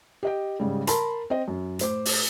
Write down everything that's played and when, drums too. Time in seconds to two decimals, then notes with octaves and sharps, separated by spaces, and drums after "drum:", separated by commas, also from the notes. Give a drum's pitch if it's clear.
0.23 G4 D#5 G5
0.60 G#2 C#3 G3
0.87 A#4 A5 B5 C6, drum: hi-hat
1.30 C4 D#5
1.48 F#2
1.79 A2 C5 D6, drum: hi-hat
2.05 drum: open hi-hat